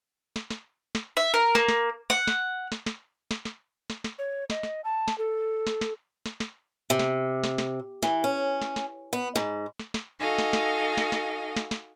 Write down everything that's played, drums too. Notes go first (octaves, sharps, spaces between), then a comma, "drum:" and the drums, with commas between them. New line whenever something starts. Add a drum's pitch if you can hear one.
drum: snare
drum: snare
drum: snare
E5
A#4
A#3, drum: snare
drum: snare
F#5, drum: snare
drum: snare
drum: snare
drum: snare
drum: snare
drum: snare
drum: snare
drum: snare
C#5
D#5, drum: snare
drum: snare
A5
drum: snare
A4
drum: snare
drum: snare
drum: snare
drum: snare
C3
drum: snare
drum: snare
drum: snare
E3, drum: snare
C#4
drum: snare
drum: snare
B3
G#2, drum: snare
drum: snare
drum: snare
D#4 F#4 A4 D#5 F5 G#5
drum: snare
drum: snare
drum: snare
drum: snare
drum: snare
drum: snare